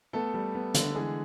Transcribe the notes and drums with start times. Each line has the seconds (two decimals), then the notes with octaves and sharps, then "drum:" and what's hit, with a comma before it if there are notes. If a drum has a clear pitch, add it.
0.13 A3 B3 A4
0.34 G3
0.55 B3
0.74 D3, drum: hi-hat
0.95 E3 G#3 G#4